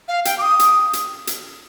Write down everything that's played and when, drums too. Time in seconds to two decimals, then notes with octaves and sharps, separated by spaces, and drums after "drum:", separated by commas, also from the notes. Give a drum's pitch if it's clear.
0.08 F5
0.25 G5, drum: hi-hat
0.38 D6
0.42 D#6
0.59 drum: hi-hat
0.93 drum: hi-hat
1.27 drum: hi-hat